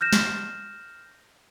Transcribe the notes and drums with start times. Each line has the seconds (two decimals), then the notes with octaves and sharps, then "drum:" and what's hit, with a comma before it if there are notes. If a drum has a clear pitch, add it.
0.01 F6 G6 A#6 E7
0.13 drum: snare